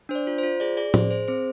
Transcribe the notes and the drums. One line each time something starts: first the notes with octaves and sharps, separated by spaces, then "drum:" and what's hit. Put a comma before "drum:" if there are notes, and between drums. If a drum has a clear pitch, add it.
D4 C5
D5
F4
F4 C5
G#4 D5
G#4 D5
G#4 C5, drum: tom A2
G#4 C5
C4 C5